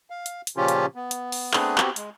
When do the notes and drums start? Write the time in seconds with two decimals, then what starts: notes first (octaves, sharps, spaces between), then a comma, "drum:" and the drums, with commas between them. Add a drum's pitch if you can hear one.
0.10 F5
0.26 drum: hi-hat
0.47 drum: hi-hat
0.57 A#2 C#3 F3 C#4 F4 G4
0.68 drum: hi-hat
0.95 B3
1.11 drum: hi-hat
1.32 drum: open hi-hat
1.53 A3 B3 C4 D4 G#4 B4, drum: clap
1.78 B3 C4 F#4 G4, drum: clap
1.96 G#3, drum: hi-hat